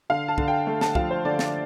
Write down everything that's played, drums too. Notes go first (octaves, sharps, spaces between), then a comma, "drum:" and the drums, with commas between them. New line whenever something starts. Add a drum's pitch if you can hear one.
D3 F5
A5
D3, drum: kick
G5
A3
A5, drum: snare
F3 F5, drum: kick
C5
D3 D5
drum: snare